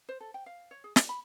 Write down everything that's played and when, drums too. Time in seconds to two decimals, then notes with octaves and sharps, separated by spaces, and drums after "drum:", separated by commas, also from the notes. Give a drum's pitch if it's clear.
0.09 C5
0.21 A4
0.34 G5
0.46 F5
0.71 C#5
0.84 G#4
0.96 D5, drum: snare
1.09 B5